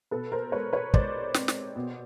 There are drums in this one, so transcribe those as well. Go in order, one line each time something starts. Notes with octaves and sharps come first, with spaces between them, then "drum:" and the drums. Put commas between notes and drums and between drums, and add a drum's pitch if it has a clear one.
B2 A4 B4
A#4 C5
G#3 B4 C#5
B4 C#5
G#3 C5 D5, drum: kick
C4, drum: snare
drum: snare
B2